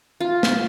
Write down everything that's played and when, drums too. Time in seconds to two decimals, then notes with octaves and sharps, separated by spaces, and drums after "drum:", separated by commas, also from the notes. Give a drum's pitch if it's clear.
0.20 F4
0.43 drum: snare